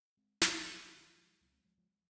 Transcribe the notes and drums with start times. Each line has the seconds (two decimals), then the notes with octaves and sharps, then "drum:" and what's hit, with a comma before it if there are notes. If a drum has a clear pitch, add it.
0.17 G#3 C4
0.42 G#1 G#2 G#3 C4, drum: snare
0.66 F3 G#3
0.81 G#3
0.91 C#2 C3 D#3 F#3
1.15 F3 G#3
1.41 C#2 C3 F#3 A#3
1.52 G#3 C4
1.65 F3 G#3
1.78 F3 G#3